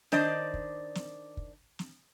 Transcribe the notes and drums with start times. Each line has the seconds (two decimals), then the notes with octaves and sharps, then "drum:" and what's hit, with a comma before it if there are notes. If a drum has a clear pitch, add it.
0.12 D#3 D4 C5 D5 D#5, drum: snare
0.54 drum: kick
0.95 drum: snare
1.37 drum: kick
1.79 drum: snare